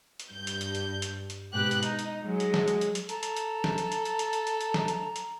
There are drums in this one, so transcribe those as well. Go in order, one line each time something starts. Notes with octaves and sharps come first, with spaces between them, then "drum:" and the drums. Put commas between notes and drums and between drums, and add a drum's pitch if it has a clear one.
drum: hi-hat
G2 G6
drum: hi-hat
drum: hi-hat
drum: hi-hat
drum: hi-hat
drum: hi-hat
G#2 B2 G4 F#6
drum: hi-hat
D#4, drum: hi-hat
drum: hi-hat
F#3 G#3
drum: hi-hat
drum: snare
drum: hi-hat
drum: hi-hat
drum: hi-hat
A4 A#5, drum: hi-hat
drum: hi-hat
drum: hi-hat
drum: snare
drum: hi-hat
drum: hi-hat
drum: hi-hat
drum: hi-hat
drum: hi-hat
drum: hi-hat
drum: hi-hat
drum: snare
drum: hi-hat
drum: hi-hat